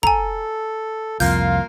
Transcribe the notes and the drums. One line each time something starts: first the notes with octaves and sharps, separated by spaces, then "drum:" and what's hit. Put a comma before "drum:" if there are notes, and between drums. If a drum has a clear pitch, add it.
A4 G#5 A#5, drum: kick
C2 F2 A#3 F4 G6, drum: open hi-hat